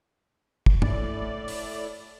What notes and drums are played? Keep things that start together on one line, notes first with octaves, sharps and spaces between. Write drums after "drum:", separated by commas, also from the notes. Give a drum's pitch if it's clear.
drum: kick
A2 D5, drum: tom
drum: open hi-hat